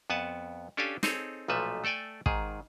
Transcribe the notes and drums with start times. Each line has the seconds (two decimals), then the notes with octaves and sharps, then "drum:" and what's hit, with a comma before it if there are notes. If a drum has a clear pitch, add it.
0.10 F2 B3 F#5 G#5 A5
0.77 C#4 D4 G4 A4 F5 G#5
1.03 C4 D#4 G#4 A4 C#5, drum: snare
1.48 B1 A#2 F3 A3 B4 E5
1.84 A3 A4 D5 G5 G#5
2.26 G#2 D#3 G#4, drum: kick